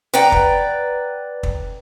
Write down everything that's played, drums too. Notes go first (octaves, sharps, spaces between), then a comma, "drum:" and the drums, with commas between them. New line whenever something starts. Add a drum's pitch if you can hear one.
B4 D5 F#5 G5 A#5
drum: kick
drum: kick